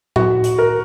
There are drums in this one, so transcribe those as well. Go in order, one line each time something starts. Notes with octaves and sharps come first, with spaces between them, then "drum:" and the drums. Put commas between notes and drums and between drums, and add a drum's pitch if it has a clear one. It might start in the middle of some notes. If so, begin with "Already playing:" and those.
F#4, drum: tom A2
drum: hi-hat
A#4